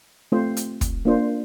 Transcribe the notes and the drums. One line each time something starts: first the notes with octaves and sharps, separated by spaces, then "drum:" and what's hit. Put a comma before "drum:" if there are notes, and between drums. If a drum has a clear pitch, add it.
A3 C4 F4 C5
drum: hi-hat
drum: kick, hi-hat
A#3 D4 F4 C5